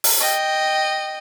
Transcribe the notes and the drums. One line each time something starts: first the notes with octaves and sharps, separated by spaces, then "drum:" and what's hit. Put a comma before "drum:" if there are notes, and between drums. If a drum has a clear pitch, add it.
drum: open hi-hat
D#5 G5